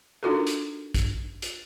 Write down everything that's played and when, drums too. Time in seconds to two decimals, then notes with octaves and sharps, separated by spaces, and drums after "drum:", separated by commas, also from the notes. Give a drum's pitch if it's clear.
0.23 D4 D#4 F4 F#4 A4 A#4
0.47 drum: hi-hat
0.94 drum: kick A#1, hi-hat
1.42 drum: hi-hat